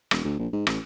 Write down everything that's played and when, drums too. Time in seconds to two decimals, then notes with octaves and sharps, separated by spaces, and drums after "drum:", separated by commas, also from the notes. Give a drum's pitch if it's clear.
0.11 E1, drum: rim click
0.25 D2
0.39 A#1
0.53 G#2
0.67 A1, drum: rim click